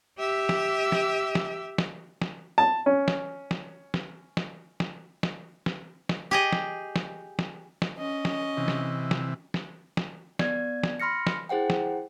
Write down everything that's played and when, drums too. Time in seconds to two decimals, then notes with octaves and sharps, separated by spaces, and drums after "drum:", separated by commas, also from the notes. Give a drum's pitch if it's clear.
0.19 G4 E5
0.49 drum: snare
0.92 drum: snare
1.35 drum: snare
1.78 drum: snare
2.22 drum: snare
2.58 A5
2.86 C#4
3.08 drum: snare
3.51 drum: snare
3.94 drum: snare
4.37 drum: snare
4.80 drum: snare
5.23 drum: snare
5.66 drum: snare
6.09 drum: snare
6.31 G4 G#4 D#5
6.52 drum: snare
6.96 drum: snare
7.39 drum: snare
7.82 drum: snare
7.97 C#4 D#5
8.25 drum: snare
8.57 C3 E3
8.68 drum: snare
9.11 drum: snare
9.54 drum: snare
9.97 drum: snare
10.39 B3 D5 G#6, drum: snare
10.83 drum: snare
11.00 B5 C6 F6 A#6 C#7
11.27 drum: snare
11.49 E4 G#4 C5 F#5 G5
11.70 drum: snare